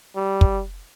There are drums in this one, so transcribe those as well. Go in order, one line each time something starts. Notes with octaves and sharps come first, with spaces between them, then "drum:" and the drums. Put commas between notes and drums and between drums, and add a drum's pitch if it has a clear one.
G3
drum: kick